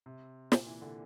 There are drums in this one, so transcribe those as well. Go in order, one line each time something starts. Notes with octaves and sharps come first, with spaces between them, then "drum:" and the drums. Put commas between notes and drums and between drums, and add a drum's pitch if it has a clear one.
C3
A#2, drum: snare
E3
D3